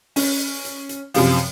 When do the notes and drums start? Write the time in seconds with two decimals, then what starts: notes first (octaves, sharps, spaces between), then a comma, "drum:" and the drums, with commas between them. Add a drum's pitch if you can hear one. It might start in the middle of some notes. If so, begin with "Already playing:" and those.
0.16 C#4, drum: open hi-hat
0.65 drum: hi-hat
0.89 drum: hi-hat
1.14 F#2 C3 F3, drum: open hi-hat